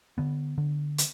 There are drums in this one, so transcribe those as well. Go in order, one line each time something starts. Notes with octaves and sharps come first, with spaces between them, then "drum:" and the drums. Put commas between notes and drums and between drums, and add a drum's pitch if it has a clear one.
D3 B3
D3
drum: hi-hat